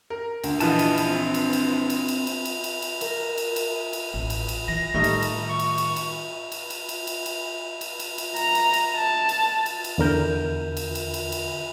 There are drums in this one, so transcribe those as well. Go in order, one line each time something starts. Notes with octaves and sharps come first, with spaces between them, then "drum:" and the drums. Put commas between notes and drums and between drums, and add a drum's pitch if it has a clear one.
A#4
D2, drum: cymbal
A#1 E3 F3 D#5 A5, drum: cymbal
drum: cymbal
drum: cymbal
C4
drum: cymbal
drum: cymbal
drum: cymbal
drum: cymbal
drum: cymbal
drum: cymbal
drum: cymbal
drum: cymbal
A#4, drum: cymbal
drum: cymbal
drum: cymbal
drum: cymbal
A1
drum: cymbal
drum: cymbal
E3 A#6
A2 D#3 G3 A3 D#4
drum: cymbal
drum: cymbal
C#6
drum: cymbal
drum: cymbal
drum: cymbal
drum: cymbal
drum: cymbal
drum: cymbal
drum: cymbal
drum: cymbal
drum: cymbal
drum: cymbal
drum: cymbal
A#5, drum: cymbal
drum: cymbal
drum: cymbal
A5
drum: cymbal
drum: cymbal
drum: cymbal
E2 D3 A#4 G6
drum: cymbal
drum: cymbal
drum: cymbal
drum: cymbal